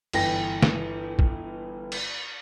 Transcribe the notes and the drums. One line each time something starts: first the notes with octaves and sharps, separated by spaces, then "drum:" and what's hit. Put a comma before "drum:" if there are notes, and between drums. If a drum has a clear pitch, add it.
G1 E3 G5 A#6, drum: cymbal
drum: snare
drum: kick
drum: cymbal